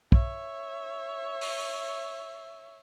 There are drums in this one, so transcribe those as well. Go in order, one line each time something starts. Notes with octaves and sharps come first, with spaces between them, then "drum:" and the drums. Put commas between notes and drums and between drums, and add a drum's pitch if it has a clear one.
C#5 E5, drum: kick
drum: open hi-hat